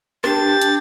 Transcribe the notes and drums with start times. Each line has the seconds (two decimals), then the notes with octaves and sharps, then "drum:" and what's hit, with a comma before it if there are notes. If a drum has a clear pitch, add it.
0.24 D4 G4 A6, drum: rim click
0.61 drum: hi-hat